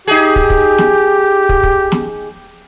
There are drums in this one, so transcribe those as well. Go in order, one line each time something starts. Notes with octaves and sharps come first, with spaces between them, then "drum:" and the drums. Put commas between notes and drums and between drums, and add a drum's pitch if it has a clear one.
D#4 G4 G#4
drum: kick
drum: kick
drum: snare
drum: kick
drum: kick
drum: snare